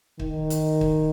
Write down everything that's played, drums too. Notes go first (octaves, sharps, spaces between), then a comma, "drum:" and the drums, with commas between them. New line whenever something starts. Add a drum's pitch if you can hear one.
D#3, drum: kick
drum: hi-hat
drum: kick